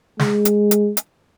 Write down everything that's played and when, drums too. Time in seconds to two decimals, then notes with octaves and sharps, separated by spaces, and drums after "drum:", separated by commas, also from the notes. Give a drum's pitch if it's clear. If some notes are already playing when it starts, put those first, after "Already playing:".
0.19 G#3, drum: snare
0.45 drum: hi-hat
0.71 drum: hi-hat
0.97 drum: hi-hat